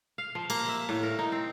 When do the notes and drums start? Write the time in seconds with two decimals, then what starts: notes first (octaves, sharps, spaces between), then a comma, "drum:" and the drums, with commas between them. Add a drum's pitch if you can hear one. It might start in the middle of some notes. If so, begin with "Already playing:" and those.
0.18 F5
0.35 F3
0.50 A#3, drum: cymbal
0.68 E5
0.89 A2
1.03 A#4
1.19 D#4
1.32 C4